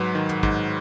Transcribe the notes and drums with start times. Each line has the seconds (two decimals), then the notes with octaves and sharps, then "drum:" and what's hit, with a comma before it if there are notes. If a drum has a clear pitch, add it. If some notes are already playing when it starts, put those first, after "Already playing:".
Already playing: G#2 F#3 B4
0.15 D#3
0.29 drum: tom
0.43 G#2, drum: kick